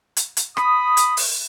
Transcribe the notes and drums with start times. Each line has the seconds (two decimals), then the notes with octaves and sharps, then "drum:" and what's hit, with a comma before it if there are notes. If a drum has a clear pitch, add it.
0.17 drum: hi-hat
0.37 drum: hi-hat
0.57 B5 D#6, drum: rim click
0.97 drum: hi-hat
1.17 drum: open hi-hat